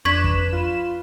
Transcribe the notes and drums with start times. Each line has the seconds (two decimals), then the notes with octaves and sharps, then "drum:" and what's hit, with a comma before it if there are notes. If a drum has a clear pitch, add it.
0.05 F2 D4 B4 B5 C#6 G#6 B6 E7
0.24 drum: kick
0.53 F4